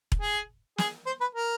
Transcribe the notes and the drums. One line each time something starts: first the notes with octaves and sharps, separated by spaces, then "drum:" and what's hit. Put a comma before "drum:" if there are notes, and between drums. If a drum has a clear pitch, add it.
drum: kick E1
G#4
G#4, drum: snare
C5
B4
A#4